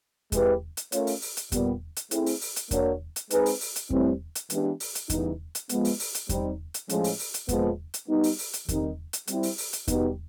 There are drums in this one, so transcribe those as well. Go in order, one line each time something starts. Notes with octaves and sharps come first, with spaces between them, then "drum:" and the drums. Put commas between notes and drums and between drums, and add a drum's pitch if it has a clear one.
G#3 C4 E4 G4 B4, drum: kick E2, hi-hat
drum: hi-hat
A3 C#4 F4 A#4 C#5, drum: hi-hat
drum: open hi-hat
drum: open hi-hat
drum: hi-hat
A#2 G3 B3, drum: kick E2, hi-hat
drum: hi-hat
A3 C4 E4 G#4, drum: hi-hat
drum: open hi-hat
drum: open hi-hat
drum: hi-hat
A#3 D4 F#4 A#4 C#5, drum: kick E2, hi-hat
drum: hi-hat
G#3 C4 D#4 G#4 B4, drum: hi-hat
drum: open hi-hat
drum: open hi-hat
drum: hi-hat
A2 E3 G3 C4, drum: kick E2
drum: hi-hat
E3 G#3 B3 D4 G4, drum: hi-hat
drum: open hi-hat
drum: hi-hat
C#3 E3 G3 B3 D#4, drum: kick E2, hi-hat
drum: hi-hat
F3 G#3 B3, drum: hi-hat
drum: open hi-hat
drum: open hi-hat
drum: hi-hat
G3 C4 D#4, drum: kick E2, hi-hat
drum: hi-hat
A2 F3 G#3 C#4, drum: hi-hat
drum: open hi-hat
drum: open hi-hat
drum: hi-hat
A#2 F3 G#3 B3, drum: kick E2, hi-hat
drum: hi-hat
G3 B3 D#4
drum: open hi-hat
drum: open hi-hat
drum: hi-hat
D#3 G3 C4 D#4, drum: kick E2, hi-hat
drum: hi-hat
G3 C4 E4, drum: hi-hat
drum: open hi-hat
drum: open hi-hat
drum: hi-hat
B2 G3 B3 D#4, drum: kick E2, hi-hat